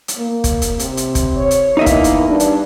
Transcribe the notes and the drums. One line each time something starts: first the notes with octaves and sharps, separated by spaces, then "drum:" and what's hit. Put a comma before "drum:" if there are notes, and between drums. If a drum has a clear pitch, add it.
drum: hi-hat
A#3
drum: kick, hi-hat
drum: hi-hat
C3, drum: hi-hat
drum: hi-hat
drum: kick, hi-hat
C#5
drum: hi-hat
E2 A#3 D#4 D#5 E5
drum: kick, hi-hat
drum: hi-hat
G2 D4
drum: hi-hat